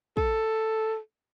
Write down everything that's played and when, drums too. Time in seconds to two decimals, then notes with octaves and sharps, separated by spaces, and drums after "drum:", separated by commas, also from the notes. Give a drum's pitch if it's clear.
0.17 A4, drum: kick